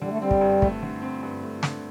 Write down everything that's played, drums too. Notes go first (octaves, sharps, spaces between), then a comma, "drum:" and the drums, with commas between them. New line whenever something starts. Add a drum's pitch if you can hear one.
D3 G3
A3
G3 C4
drum: kick
G2
A3, drum: kick
D3
C4
G2
A3
D3, drum: snare